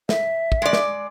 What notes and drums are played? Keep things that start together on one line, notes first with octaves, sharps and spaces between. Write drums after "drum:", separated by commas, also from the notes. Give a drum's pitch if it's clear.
E5, drum: snare
drum: kick
G#3 D5
drum: snare